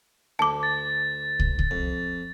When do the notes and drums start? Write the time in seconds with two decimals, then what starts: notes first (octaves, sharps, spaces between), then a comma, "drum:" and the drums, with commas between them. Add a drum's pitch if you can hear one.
0.39 D2 A5 D6
0.63 A6
1.40 drum: kick
1.59 drum: kick
1.71 F2